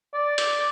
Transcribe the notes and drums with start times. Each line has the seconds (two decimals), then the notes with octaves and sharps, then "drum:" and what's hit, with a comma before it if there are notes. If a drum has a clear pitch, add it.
0.14 D5
0.38 drum: hi-hat